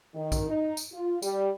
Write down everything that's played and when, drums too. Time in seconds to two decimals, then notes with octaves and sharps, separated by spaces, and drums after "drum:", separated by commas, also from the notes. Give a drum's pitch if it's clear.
0.14 D#3
0.32 drum: kick A#1, tambourine
0.49 D#4
0.77 drum: tambourine
0.93 F4
1.22 G3, drum: tambourine